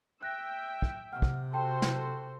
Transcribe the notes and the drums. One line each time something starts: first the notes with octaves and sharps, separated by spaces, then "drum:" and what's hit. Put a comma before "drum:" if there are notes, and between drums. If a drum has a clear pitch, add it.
E5 G5 F#6 A#6
drum: kick
C3 F#5 F6
drum: kick
F#4 A4 C5 G5 A5
drum: snare